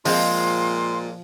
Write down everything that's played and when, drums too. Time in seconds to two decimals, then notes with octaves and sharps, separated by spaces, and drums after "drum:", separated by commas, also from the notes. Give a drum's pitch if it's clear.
0.05 A#2 F3 G#3 C4 C6, drum: open hi-hat